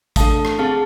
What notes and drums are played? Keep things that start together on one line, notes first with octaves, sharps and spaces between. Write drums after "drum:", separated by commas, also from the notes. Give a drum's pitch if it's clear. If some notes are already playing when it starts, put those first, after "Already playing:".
A3 D4 A4 F5 A5, drum: kick, hi-hat
drum: rim click
C4 G#4 F5 A5